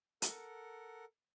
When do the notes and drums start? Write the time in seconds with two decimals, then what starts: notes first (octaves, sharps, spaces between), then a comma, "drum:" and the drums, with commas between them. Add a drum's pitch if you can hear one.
0.22 A4 A#4 F#5, drum: hi-hat